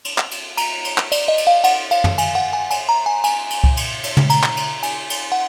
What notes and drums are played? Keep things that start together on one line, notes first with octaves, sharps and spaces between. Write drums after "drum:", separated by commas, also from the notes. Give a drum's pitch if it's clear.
drum: cymbal
drum: clap
drum: cymbal
A#5, drum: cymbal
drum: cymbal
drum: clap
D5, drum: cymbal
D#5
drum: cymbal
F5
F#5, drum: cymbal
F5, drum: cymbal
drum: tom
G#5, drum: cymbal
F#5
G#5
G#5, drum: cymbal
A#5
G#5
G#5, drum: cymbal
drum: cymbal
drum: kick C2
drum: cymbal
drum: cymbal
drum: tom
A#5, drum: cymbal
drum: clap
drum: cymbal
G#5, drum: cymbal
drum: cymbal
F#5